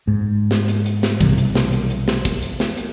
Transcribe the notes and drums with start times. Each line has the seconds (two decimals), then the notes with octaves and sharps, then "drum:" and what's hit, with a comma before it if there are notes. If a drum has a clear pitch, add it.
0.08 G#2
0.51 drum: snare
0.68 drum: hi-hat
0.86 drum: hi-hat
1.03 drum: snare
1.21 B1 C3 E3 G3, drum: kick, hi-hat
1.38 drum: hi-hat
1.55 drum: snare
1.73 drum: hi-hat
1.90 drum: hi-hat
2.08 drum: snare
2.25 drum: kick, hi-hat
2.43 drum: hi-hat
2.60 drum: snare
2.77 drum: hi-hat